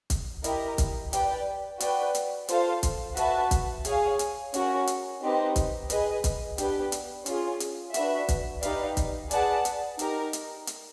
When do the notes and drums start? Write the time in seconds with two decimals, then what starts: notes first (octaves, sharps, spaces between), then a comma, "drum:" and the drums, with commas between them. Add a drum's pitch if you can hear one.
0.10 drum: kick, hi-hat
0.44 E4 G4 A#4 D#5, drum: hi-hat
0.78 drum: kick, hi-hat
1.13 G4 B4 D5 G5, drum: hi-hat
1.80 F#4 B4 D5 G5, drum: hi-hat
2.15 drum: hi-hat
2.48 F4 A4 C5 F5, drum: hi-hat
2.83 drum: kick, hi-hat
3.17 F#4 B4 E5 A5, drum: hi-hat
3.51 drum: kick, hi-hat
3.85 G#4 C#5 F5 G#5, drum: hi-hat
4.19 drum: hi-hat
4.54 C#4 F#4 A#4, drum: hi-hat
4.87 drum: hi-hat
5.22 C4 D#4 G4 B4 D#5
5.56 drum: kick, hi-hat
5.90 G#4 B4 D#5, drum: hi-hat
6.24 drum: kick, hi-hat
6.58 B3 D4 G4 B4, drum: hi-hat
6.92 drum: hi-hat
7.26 C#4 F4 G#4, drum: hi-hat
7.60 drum: hi-hat
7.94 D4 F#4 B4 E5, drum: hi-hat
8.29 drum: kick, hi-hat
8.63 D#4 G4 B4 D5 F5, drum: hi-hat
8.97 drum: kick, hi-hat
9.31 G#4 B4 D5 F#5 A5, drum: hi-hat
9.65 drum: hi-hat
9.99 D#4 G4 A#4, drum: hi-hat
10.33 drum: hi-hat
10.67 drum: hi-hat